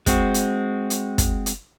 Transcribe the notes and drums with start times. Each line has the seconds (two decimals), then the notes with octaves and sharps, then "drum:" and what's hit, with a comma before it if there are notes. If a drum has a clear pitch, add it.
0.06 G#3 C4 F#4, drum: kick, hi-hat
0.34 drum: hi-hat
0.90 drum: hi-hat
1.18 drum: kick, hi-hat
1.46 drum: hi-hat